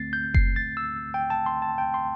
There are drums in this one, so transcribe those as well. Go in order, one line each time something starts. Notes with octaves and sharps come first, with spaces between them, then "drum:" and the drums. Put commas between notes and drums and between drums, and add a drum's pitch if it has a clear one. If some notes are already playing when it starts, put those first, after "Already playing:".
Already playing: D2 D3 A3 C4 A6 C7
G6
C7, drum: kick F#1
A6
E6
G5
A5
C6
A5
G5
C6